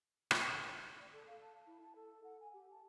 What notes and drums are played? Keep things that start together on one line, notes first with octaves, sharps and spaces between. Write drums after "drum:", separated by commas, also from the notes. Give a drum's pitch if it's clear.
drum: rim click
D5
A4
F5
A5
E4
A5
A4
F#5
G#5
G4
A5